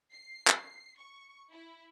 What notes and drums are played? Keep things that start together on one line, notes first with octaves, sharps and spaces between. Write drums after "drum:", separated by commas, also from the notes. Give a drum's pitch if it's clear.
C7
drum: clap
C#6
E4